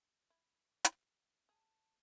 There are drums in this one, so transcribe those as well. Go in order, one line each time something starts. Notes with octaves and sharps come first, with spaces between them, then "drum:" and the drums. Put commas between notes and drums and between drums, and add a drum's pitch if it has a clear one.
E4
drum: hi-hat
G#4 A5